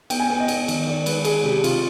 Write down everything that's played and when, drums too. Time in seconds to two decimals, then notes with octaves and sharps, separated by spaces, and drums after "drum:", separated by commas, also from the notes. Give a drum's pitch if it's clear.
0.10 B3 G5, drum: cymbal
0.20 G#5
0.30 B3 G5
0.40 D#5
0.48 B3, drum: cymbal
0.68 D#3, drum: cymbal
0.87 D#3 D5
1.06 G#3 B4, drum: cymbal
1.25 G#3 G#4, drum: cymbal
1.44 C3 G4
1.64 C3 F4, drum: cymbal